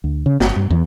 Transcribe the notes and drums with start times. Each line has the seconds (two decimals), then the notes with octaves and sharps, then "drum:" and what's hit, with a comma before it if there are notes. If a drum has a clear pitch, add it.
0.04 D2
0.26 C#3
0.40 G1, drum: snare
0.56 G2
0.71 E2